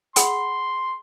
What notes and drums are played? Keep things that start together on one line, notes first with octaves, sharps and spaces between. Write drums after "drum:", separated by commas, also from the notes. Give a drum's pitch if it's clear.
G#4 F#5 B5 C6, drum: hi-hat